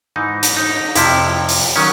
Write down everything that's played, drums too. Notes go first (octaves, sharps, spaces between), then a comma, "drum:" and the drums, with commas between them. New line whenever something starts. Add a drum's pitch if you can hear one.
G#2 E3 D#4
drum: hi-hat
D#4
F2 C3 F3 E4, drum: hi-hat
drum: open hi-hat
D#3 F#3 C#4